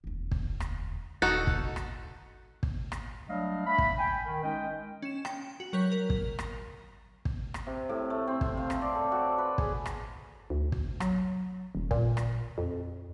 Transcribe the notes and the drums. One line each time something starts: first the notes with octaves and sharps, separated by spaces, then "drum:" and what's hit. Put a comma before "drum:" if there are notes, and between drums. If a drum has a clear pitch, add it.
E1 D2
drum: kick
drum: rim click
D#1 D#4 F#4 A4
drum: kick
drum: rim click
drum: kick
drum: rim click
F#3 G3 A3 D4 D#5 F5
A3 B5
drum: kick
G5 G#5
D#3
G#3 C#4 D#4 D#5 G5
C#4 E7
G5, drum: rim click
F#4
F#3 A#4 C#5 G6 B6
A#4
drum: kick
drum: rim click
drum: kick
drum: rim click
C3
A2
A3
C4
E5, drum: kick
F5
drum: rim click
D5
A4
F#4
B4
G#4, drum: kick
drum: rim click
D2
drum: kick
F#3, drum: rim click
D#1
A#2, drum: kick
drum: rim click
F2